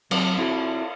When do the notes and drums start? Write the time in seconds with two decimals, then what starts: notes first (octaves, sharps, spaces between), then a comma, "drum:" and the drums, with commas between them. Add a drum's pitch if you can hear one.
0.11 F#3 C4 A#4 D5, drum: cymbal
0.37 C4 E4 F#4 G#4 A4